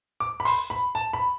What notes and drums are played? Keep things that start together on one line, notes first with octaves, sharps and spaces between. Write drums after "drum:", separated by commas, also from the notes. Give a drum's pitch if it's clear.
D6
B5
C6, drum: open hi-hat
B5
A5
B5